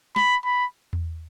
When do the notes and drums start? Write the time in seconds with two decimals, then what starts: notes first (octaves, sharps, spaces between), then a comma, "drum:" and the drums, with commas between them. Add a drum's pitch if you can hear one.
0.16 B5, drum: snare
0.45 B5
0.93 drum: tom E2